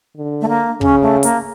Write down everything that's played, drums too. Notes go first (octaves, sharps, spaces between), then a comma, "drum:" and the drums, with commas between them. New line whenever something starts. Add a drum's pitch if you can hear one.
D3
A3
A#3
C#3 C#4, drum: kick
A3
A#3, drum: hi-hat